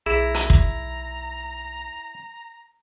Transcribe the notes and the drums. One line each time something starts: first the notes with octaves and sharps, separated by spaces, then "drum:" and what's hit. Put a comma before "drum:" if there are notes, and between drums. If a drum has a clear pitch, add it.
B1 E4 G#4 A#5
drum: hi-hat
drum: kick